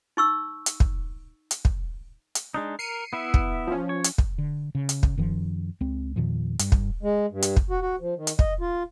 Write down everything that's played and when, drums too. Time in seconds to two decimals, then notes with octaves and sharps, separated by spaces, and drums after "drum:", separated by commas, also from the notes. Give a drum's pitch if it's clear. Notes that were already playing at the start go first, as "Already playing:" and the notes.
0.17 D#4 C#6 E6
0.66 drum: hi-hat
0.80 drum: kick
1.51 drum: hi-hat
1.65 drum: kick
2.35 drum: hi-hat
2.54 G#3 D4 D#4
2.79 A#4 C7 C#7 D#7
3.13 B3 E4 E5
3.34 drum: kick
3.67 F3 C#4
3.89 C#5
4.04 drum: hi-hat
4.18 drum: kick
4.38 D3
4.75 C#3
4.89 drum: hi-hat
5.03 drum: kick
5.18 F#2 D#3 F3
5.81 C#2 C4
6.16 E2 A#2 D#3 F3
6.59 G2, drum: hi-hat
6.72 drum: kick
7.03 G#3
7.31 G2
7.42 drum: hi-hat
7.57 drum: kick
7.70 F#4
7.81 F#4
8.01 F3
8.17 D#3
8.27 drum: hi-hat
8.39 D#5, drum: kick
8.61 F4